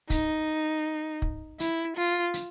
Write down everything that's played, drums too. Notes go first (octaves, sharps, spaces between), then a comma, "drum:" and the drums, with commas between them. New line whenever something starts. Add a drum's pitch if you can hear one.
D#4, drum: kick, hi-hat
drum: kick
E4, drum: hi-hat
F4
drum: hi-hat